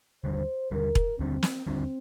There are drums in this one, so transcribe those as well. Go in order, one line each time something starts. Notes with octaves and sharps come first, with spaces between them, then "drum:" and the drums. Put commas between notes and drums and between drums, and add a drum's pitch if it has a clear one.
D#2 D3 G3 D4 C5
D#2 D3 G3 D4 A#4
drum: kick E1
D#2 D3 G3 C4 D4
drum: snare
D#2 D3 G3 C4 D4